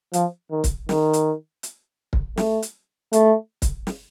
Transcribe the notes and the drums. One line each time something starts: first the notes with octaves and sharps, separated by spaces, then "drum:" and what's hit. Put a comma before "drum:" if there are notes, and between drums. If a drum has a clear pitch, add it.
F3, drum: hi-hat
D#3
drum: kick, hi-hat
D#3, drum: snare
drum: hi-hat
drum: hi-hat
drum: kick
A3, drum: snare
drum: hi-hat
A3, drum: hi-hat
drum: kick, hi-hat
drum: snare